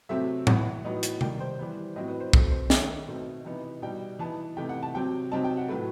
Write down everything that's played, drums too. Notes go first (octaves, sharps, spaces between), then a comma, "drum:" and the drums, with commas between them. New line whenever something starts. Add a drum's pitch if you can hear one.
C3 F#3 A3 C4 E5
A2 E3 B3 F#5, drum: tom
A2 F#3 B3 D#4
drum: hi-hat
D#3 G3 D#4 G5, drum: tom C3
C5
E3 G3 B3
A2 F#3 C4 D#5
B4
C5
B2 A3 C4 C5, drum: kick
C5
D#3 A3 D#4 E5, drum: snare
B2 A3 C4 D#4
C3 E3 B3 D#4
B2 G3 D#4 G5
E3 B3 D#4 A5
C3 E3 A3 D#4 G5
F#5
A5
C3 F#3 C4 G5
C3 F#3 C4 D#4 A5
G5
F#5
A2 F#3 A3 B4